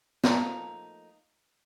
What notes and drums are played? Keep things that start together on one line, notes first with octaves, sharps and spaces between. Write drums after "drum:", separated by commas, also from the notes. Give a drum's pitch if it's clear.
F3 A3 A#3 D#4, drum: snare